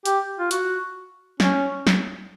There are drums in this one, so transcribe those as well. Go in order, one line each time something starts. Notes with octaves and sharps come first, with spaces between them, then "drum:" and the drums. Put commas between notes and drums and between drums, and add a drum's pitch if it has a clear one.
G4, drum: hi-hat
F4
F#4, drum: hi-hat
C#4, drum: snare
drum: snare